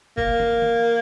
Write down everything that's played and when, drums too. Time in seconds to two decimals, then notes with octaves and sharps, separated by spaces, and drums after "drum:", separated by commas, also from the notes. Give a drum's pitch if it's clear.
0.18 A#3, drum: kick
0.40 drum: tom
0.62 drum: tom